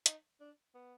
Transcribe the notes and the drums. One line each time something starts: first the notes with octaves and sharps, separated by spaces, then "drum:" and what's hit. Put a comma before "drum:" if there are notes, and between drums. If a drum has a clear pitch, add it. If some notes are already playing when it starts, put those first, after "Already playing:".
D#4, drum: hi-hat
D4
B3